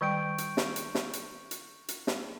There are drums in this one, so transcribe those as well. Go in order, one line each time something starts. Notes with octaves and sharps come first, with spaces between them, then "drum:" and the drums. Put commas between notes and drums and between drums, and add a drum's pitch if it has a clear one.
D#3 G3 G5 C#6 G6 D7
drum: hi-hat
drum: snare
drum: hi-hat
drum: snare
drum: hi-hat
drum: hi-hat
drum: hi-hat
drum: snare